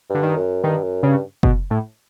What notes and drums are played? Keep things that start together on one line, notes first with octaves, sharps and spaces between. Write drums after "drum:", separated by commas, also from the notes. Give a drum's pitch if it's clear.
G2 D3
D#3
F#2
G2 D#3
F#2
G2 C#3
B2, drum: kick
A2